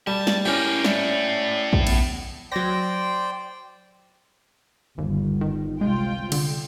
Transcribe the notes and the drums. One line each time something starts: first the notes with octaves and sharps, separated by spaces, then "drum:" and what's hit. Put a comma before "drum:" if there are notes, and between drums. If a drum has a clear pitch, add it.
G3 A5
drum: snare
A3 C#4 E4 G4 A#4
A2 A3 D5, drum: snare
drum: kick A#1
B3, drum: cymbal
F#3 C5 D5 G5 A#6
G1 D#2
D#3
C2 G#3 F4 G5
D3, drum: cymbal